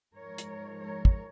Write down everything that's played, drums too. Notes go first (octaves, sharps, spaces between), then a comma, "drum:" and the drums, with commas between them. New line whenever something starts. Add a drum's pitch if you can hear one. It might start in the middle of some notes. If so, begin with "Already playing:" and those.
G#2 F3 G#3 A#4 C#5
drum: hi-hat
A#4 C#5
drum: kick